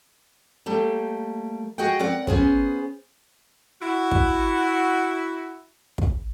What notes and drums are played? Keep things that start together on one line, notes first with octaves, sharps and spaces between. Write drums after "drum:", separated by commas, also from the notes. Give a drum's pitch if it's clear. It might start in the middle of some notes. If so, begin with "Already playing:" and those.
G3 A3 A#3
F#4 G#4 D#5 F#5 G5
C4 A#4 D5 F#5
B3 C#4 G#4 C5, drum: kick
E4 F#4
drum: kick
drum: kick